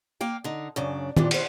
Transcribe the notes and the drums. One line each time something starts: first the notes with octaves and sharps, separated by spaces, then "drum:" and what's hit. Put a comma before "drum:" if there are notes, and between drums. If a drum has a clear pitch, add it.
A#3 F5 G5
D3 D#4
F#2 C#3 D4
A#2 E3 F3 D4 G4, drum: tom D#3
B2 C5, drum: cymbal